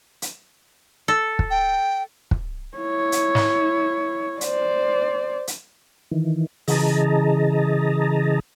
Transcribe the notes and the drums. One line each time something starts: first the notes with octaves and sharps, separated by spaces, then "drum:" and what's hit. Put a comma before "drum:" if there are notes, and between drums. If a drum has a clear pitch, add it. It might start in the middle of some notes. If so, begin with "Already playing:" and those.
drum: hi-hat
A4
drum: kick
G5
drum: kick
E4 C#5
drum: hi-hat
drum: snare
C5 D5, drum: hi-hat
drum: hi-hat
D#3 E3
C#3 E3 G#4 D#5 A5 A#5, drum: open hi-hat